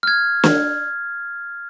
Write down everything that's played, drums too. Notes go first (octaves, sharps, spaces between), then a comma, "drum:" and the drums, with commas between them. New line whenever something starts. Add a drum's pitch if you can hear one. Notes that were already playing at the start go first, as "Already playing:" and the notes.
F6 G#6
drum: snare